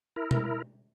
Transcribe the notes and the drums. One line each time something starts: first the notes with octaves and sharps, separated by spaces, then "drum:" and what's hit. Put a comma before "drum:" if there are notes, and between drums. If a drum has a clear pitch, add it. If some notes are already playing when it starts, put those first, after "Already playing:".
E4 A#4
drum: tom B2